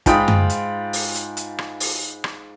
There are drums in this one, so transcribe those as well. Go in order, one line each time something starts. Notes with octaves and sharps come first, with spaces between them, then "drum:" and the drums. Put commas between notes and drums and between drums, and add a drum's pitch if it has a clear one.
G#2 F4 G5 B5 D#6, drum: kick, hi-hat
drum: tom F#2
drum: hi-hat
drum: open hi-hat
drum: hi-hat
drum: hi-hat
drum: rim click
drum: open hi-hat
drum: rim click